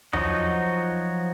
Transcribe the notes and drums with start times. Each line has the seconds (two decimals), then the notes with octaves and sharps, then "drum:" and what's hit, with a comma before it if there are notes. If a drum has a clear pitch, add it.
0.13 F3 F#3 D#4 F#4 D#5, drum: tom E2